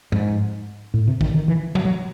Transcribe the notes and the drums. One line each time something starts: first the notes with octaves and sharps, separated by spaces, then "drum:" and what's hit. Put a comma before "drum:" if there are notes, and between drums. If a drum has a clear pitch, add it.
G#2, drum: tom
A2
C3
D#3, drum: kick
D#3
E3
F#3, drum: tom B2
F#3